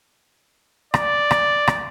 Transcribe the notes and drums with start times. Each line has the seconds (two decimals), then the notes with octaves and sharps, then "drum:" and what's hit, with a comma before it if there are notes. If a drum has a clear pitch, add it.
0.94 D5, drum: rim click
1.31 drum: rim click
1.67 drum: rim click